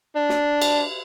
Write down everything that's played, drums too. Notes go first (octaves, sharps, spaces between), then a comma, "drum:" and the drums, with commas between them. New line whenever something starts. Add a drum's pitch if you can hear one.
D4
drum: snare
drum: cymbal